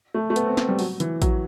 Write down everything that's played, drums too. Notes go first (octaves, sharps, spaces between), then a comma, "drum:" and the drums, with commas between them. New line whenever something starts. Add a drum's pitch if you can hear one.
A3
A3
B3, drum: hi-hat
C4
C4, drum: snare
G3
F#3, drum: open hi-hat
E3, drum: hi-hat
F#3, drum: kick A1, hi-hat